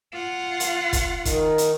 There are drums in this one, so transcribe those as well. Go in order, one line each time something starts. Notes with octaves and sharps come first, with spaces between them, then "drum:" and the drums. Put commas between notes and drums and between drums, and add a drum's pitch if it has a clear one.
F4 F#5
drum: hi-hat
drum: kick, hi-hat
D#3 D#4, drum: kick, hi-hat
drum: hi-hat